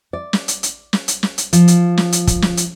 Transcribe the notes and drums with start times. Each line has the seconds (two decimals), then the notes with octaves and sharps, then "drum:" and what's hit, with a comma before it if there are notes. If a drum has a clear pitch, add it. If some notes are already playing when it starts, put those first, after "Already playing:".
0.13 D5
0.33 drum: snare
0.48 drum: hi-hat
0.63 drum: hi-hat
0.93 drum: snare
1.08 drum: hi-hat
1.23 drum: snare
1.38 drum: hi-hat
1.53 F3, drum: hi-hat
1.68 drum: hi-hat
1.98 drum: snare
2.12 drum: hi-hat
2.27 drum: kick, hi-hat
2.42 drum: snare
2.57 drum: hi-hat